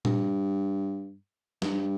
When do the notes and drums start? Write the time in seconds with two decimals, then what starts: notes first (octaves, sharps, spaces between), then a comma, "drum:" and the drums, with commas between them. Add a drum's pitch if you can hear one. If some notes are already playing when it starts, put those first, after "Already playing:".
0.05 G2, drum: tom A#2
1.62 G2, drum: snare